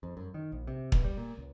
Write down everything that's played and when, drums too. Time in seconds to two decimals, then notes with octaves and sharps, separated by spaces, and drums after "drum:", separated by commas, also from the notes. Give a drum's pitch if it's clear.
0.03 F2
0.17 F#2
0.34 D#3
0.52 A#1
0.67 C3
0.92 B2, drum: kick
1.04 G3
1.17 A#2
1.38 C#2